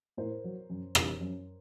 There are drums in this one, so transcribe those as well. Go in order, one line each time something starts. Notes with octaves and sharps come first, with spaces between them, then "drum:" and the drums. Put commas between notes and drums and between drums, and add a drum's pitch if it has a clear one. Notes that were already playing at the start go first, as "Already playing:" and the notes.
A2 A#4 C5
F#3
F#2
C#3 E3 G3, drum: rim click
F#2